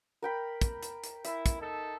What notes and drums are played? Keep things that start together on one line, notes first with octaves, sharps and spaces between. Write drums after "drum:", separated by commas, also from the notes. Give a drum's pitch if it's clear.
A#4 G5 B5
drum: kick, hi-hat
drum: hi-hat
drum: hi-hat
E4 E5, drum: hi-hat
drum: kick, hi-hat
D#4 A4